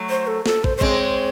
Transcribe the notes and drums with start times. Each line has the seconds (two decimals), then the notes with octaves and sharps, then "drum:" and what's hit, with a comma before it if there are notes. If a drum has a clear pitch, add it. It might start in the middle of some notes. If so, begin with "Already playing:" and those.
Already playing: F#3 A3
0.10 C5
0.27 A4
0.46 A4, drum: snare
0.64 C5, drum: kick
0.77 C5
0.81 G#3 C4 C#5, drum: kick